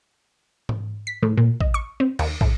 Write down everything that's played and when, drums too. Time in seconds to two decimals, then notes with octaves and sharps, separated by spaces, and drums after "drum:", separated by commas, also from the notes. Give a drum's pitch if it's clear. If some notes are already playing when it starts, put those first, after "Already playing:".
0.69 drum: tom G#2
1.07 B6
1.23 A2
1.37 A#2
1.61 D#5, drum: kick
1.74 C#6
2.00 C4
2.19 D#2, drum: cymbal
2.41 A2, drum: kick